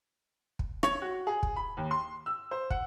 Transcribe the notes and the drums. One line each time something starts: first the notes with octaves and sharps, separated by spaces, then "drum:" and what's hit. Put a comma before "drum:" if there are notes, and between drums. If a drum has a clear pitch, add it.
drum: kick
C#5, drum: rim click
F#4
G#4
drum: kick
B5
D#2
C6
E6
C5
F#5, drum: kick